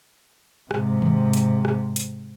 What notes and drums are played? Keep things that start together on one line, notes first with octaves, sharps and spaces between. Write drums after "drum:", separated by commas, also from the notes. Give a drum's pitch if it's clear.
G#2 C3, drum: rim click
drum: tom D#3
drum: hi-hat
drum: rim click
drum: hi-hat